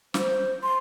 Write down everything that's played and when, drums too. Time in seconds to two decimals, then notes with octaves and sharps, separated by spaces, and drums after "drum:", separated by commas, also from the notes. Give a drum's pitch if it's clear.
0.14 C5, drum: snare
0.63 C6